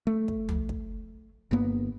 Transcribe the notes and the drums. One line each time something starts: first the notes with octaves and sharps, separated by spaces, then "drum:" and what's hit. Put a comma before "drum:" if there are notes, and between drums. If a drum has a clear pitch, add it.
A3
drum: kick
drum: tom
drum: kick
G1 G2 A#3 B3